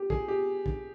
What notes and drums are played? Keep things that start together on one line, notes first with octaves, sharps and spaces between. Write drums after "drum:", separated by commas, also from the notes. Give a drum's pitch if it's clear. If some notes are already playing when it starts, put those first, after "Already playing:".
Already playing: G4
G#4, drum: kick
G4
drum: kick